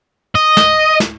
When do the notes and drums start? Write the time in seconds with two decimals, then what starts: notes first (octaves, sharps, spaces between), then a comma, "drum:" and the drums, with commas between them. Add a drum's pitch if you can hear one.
0.35 D#5
0.57 drum: snare
1.00 drum: snare